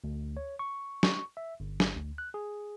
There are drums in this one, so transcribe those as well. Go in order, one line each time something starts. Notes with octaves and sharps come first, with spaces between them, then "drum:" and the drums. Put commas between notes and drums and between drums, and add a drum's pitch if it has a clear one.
D2
C#5
C#6
C#6, drum: snare
E5
G1
drum: snare
D2
F#6
G#4